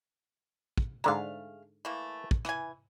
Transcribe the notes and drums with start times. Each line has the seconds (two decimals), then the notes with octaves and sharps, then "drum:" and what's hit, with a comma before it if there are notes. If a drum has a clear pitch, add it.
0.78 drum: kick
1.04 G#2 D3 G#3 A3 F5 A#5
1.85 E3 A3 A#3
2.31 drum: kick
2.45 E3 G#5, drum: rim click